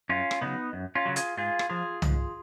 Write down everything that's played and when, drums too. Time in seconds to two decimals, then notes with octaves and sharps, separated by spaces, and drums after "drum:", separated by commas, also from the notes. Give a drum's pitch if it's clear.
0.09 F#2 C#4 F4
0.31 drum: rim click
0.41 C#3 F#3 B3 D#4
0.73 F#2
0.95 C#4 F4
1.06 C#3 F#3
1.16 F4 G#4, drum: hi-hat
1.37 G#2 F4 G#4
1.59 drum: rim click
1.69 F3 F4 G#4
2.02 G#2, drum: tom C2